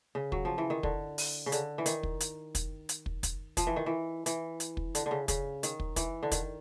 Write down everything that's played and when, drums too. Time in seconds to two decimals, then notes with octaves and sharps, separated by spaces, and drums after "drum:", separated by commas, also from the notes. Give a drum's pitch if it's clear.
0.15 C#3
0.32 F#3, drum: kick
0.45 F3
0.58 E3
0.70 D#3
0.83 D3, drum: kick
1.18 drum: open hi-hat
1.46 C#3
1.52 D3, drum: hi-hat
1.78 E3
1.86 D#3, drum: hi-hat
2.03 drum: kick
2.20 drum: hi-hat
2.55 drum: kick, hi-hat
2.89 drum: hi-hat
3.06 drum: kick
3.23 drum: kick, hi-hat
3.57 F3, drum: kick, hi-hat
3.67 E3
3.76 D#3
3.86 E3
4.26 E3, drum: hi-hat
4.60 drum: hi-hat
4.77 drum: kick
4.95 D3, drum: hi-hat
5.06 D3
5.11 C#3
5.28 C#3, drum: kick, hi-hat
5.63 D#3, drum: hi-hat
5.80 drum: kick
5.96 E3, drum: kick, hi-hat
6.23 D3
6.31 D#3, drum: kick, hi-hat